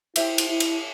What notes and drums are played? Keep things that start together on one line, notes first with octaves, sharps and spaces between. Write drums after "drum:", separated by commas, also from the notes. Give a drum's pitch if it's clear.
E4 G4 C5 E5, drum: cymbal
drum: cymbal
E4
drum: cymbal